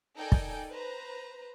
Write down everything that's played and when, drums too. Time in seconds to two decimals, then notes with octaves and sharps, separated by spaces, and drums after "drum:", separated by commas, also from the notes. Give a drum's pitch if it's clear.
0.17 D#4 A4 A#4 D5 G5 G#5
0.32 drum: kick
0.69 B4 C5 A#5